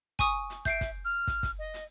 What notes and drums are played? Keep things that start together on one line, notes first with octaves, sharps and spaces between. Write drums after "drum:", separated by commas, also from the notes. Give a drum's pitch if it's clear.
G#5 C#6 D#6, drum: kick, hi-hat
drum: hi-hat
E5 G6 C7 D7, drum: kick, hi-hat
drum: kick, hi-hat
F6
drum: kick, hi-hat
drum: kick, hi-hat
D#5
drum: hi-hat